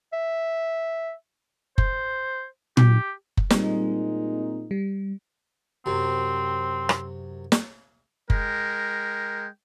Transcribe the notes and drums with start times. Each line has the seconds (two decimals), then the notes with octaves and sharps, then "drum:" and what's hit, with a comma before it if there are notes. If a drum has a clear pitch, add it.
0.13 E5
1.78 C5, drum: kick F#1
2.77 G4, drum: tom A#2
3.37 drum: kick F#1
3.50 A#2 G3 G#3 C4 D#4, drum: snare
4.71 G3
5.86 F#2 C3 C4
6.89 drum: rim click
7.52 drum: snare
8.30 G#3 A#4 G5, drum: kick F#1